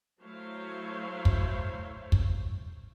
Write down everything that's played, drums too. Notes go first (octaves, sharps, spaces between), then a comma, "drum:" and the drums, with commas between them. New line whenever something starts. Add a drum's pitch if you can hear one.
F#3 A3 E4 C5 C#5 F5
drum: kick
drum: kick